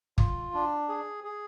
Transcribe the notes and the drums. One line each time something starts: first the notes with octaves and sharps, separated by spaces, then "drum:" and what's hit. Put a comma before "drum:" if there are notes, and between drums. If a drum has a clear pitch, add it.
F4, drum: kick
D4
G#4
G#4